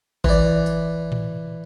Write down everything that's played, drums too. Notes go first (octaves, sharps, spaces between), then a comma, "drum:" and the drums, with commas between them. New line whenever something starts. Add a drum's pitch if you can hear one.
E3 D5, drum: kick G#1
drum: tambourine
drum: tom A2